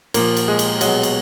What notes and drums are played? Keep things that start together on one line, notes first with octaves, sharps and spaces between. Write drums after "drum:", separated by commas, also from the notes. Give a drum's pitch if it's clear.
A#2 F3 A#3 A#4, drum: cymbal
drum: cymbal
G#3 G#4
drum: cymbal
B2 F#3 G#3 G#4, drum: cymbal
drum: cymbal